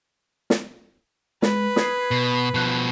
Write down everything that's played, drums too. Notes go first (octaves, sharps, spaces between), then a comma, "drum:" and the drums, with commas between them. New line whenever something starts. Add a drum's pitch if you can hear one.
drum: snare
G#3 B4, drum: snare
D#6 G#6 C7, drum: snare
B2
B2 F3 A5 F#6